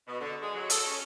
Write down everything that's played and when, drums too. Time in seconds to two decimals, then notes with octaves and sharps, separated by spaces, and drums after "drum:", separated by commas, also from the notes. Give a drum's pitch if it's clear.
0.07 B2
0.19 D3
0.41 G#3
0.54 F#3
0.70 A4, drum: hi-hat
0.86 C#4